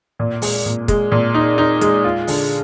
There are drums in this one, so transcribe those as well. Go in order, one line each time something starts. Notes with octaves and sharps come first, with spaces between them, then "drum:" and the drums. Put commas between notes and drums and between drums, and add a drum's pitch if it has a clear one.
A#2
G#3, drum: open hi-hat
A#2
G#3, drum: kick, hi-hat
A#2
D#4
D#4
G#3, drum: hi-hat
F4
D3, drum: open hi-hat